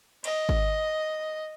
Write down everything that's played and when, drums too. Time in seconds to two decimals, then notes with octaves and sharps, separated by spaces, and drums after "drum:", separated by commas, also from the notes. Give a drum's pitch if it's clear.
0.24 D#5, drum: cymbal
0.49 drum: kick G#1